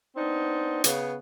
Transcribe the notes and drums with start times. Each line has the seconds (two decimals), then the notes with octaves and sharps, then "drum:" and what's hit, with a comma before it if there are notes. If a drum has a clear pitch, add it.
0.16 B3 C4 D4 D#4
0.84 C#3 B3, drum: hi-hat